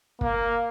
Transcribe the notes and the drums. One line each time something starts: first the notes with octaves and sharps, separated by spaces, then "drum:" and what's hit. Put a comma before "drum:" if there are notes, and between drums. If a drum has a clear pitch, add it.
A#3, drum: kick